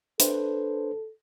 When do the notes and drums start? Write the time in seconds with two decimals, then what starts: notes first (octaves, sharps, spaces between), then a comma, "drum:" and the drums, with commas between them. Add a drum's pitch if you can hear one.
0.20 D4 A4 B4 C5, drum: hi-hat